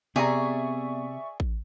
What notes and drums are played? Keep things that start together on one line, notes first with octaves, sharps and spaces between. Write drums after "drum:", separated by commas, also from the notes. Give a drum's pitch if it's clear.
C3 B3 G#4 D5 E5 G#5 A#5 C#6
drum: kick A1